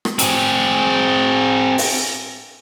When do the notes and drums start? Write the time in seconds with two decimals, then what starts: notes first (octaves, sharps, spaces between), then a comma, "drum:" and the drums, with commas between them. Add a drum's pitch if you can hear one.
0.05 drum: rim click
0.19 C4 G#4, drum: hi-hat
1.78 drum: open hi-hat